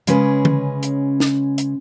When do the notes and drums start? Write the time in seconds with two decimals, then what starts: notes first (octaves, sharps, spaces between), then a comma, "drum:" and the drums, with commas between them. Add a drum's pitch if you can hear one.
0.07 C#3 G#3 C#4 G#4 B4, drum: hi-hat
0.45 drum: tom
0.83 drum: hi-hat
1.20 drum: snare
1.58 drum: hi-hat